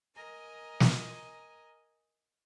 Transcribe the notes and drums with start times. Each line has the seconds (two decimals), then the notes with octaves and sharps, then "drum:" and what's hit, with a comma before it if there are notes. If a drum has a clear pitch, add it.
0.15 A#4 D#5 G#5 A#5
0.80 drum: snare